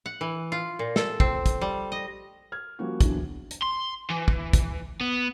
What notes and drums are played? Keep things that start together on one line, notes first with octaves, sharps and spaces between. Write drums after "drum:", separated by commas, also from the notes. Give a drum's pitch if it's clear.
F#5
E3
F4
A#2
A4, drum: snare
C4, drum: kick
drum: kick, hi-hat
G3
D#5
F6 G#6
F3 G3 A#3 C#4 F#4
E2 D3 E3 F#3 D4, drum: kick, hi-hat
drum: hi-hat
C6
E3
drum: kick
drum: kick, hi-hat
B3